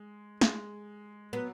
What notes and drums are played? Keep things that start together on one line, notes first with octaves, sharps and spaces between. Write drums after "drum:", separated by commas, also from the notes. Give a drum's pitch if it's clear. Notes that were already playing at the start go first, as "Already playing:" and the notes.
Already playing: G#3
G#3, drum: snare
F#3 B3